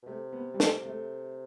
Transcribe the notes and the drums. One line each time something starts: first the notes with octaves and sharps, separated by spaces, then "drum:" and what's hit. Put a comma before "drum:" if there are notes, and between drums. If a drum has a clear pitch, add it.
B2
C3 A3
B3
G3
A3, drum: snare
A3